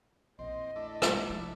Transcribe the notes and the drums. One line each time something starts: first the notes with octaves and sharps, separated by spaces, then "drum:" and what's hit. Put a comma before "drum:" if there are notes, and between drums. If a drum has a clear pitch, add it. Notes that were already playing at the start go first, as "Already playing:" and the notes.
A#1 E2 C4 D#5
A3 D4 E4
drum: rim click
C2 F3